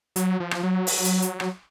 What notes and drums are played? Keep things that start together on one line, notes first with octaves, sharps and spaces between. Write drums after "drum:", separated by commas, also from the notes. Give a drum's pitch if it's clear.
F#3, drum: hi-hat
F3
drum: rim click
F#3
drum: open hi-hat
drum: hi-hat
drum: hi-hat
drum: rim click